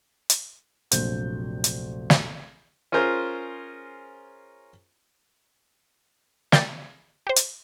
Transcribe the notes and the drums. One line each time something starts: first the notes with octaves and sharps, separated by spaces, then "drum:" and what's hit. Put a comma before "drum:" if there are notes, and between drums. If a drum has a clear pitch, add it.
drum: hi-hat
F1 A#1 F#3 C5 G6, drum: hi-hat
drum: hi-hat
drum: snare
C#4 F4 G#4 A#4 C5
A#4 D5 G5 C6 D6 A6, drum: snare
G4 C5
drum: hi-hat